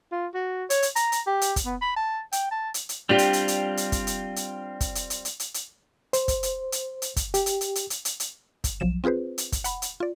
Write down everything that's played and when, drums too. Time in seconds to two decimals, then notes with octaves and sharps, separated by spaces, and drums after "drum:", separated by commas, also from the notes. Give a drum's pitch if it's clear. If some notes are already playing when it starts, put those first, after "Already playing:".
0.12 F4
0.35 F#4
0.70 C#5, drum: hi-hat
0.82 drum: hi-hat
0.96 A#5, drum: hi-hat
1.12 drum: hi-hat
1.27 G4
1.41 drum: hi-hat
1.56 drum: kick, hi-hat
1.65 B3
1.82 B5
1.96 A5
2.32 G5, drum: hi-hat
2.52 A5
2.74 drum: hi-hat
2.89 drum: hi-hat
3.09 G3 C4 D4 F4 G4
3.18 drum: hi-hat
3.33 drum: hi-hat
3.48 drum: hi-hat
3.77 drum: hi-hat
3.92 drum: kick, hi-hat
4.07 drum: hi-hat
4.36 drum: hi-hat
4.81 drum: kick, hi-hat
4.95 drum: hi-hat
5.10 drum: hi-hat
5.25 drum: hi-hat
5.40 drum: hi-hat
5.54 drum: hi-hat
6.13 C5, drum: hi-hat
6.28 drum: kick, hi-hat
6.43 drum: hi-hat
6.72 drum: hi-hat
7.02 drum: hi-hat
7.16 drum: kick, hi-hat
7.34 G4, drum: hi-hat
7.46 drum: hi-hat
7.61 drum: hi-hat
7.75 drum: hi-hat
7.90 drum: hi-hat
8.05 drum: hi-hat
8.20 drum: hi-hat
8.64 drum: kick, hi-hat
8.80 B1 F3 F#3 E7
9.04 C4 F4 G#4 B4 C5
9.38 drum: hi-hat
9.52 drum: kick, hi-hat
9.64 F#5 B5, drum: hi-hat
9.82 drum: hi-hat
10.00 F4 D5